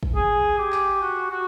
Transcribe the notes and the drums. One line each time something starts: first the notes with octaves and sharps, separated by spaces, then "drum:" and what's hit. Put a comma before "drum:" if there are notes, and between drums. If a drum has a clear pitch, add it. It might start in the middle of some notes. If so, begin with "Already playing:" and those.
drum: kick
G#4
G4
drum: clap
F#4
F#4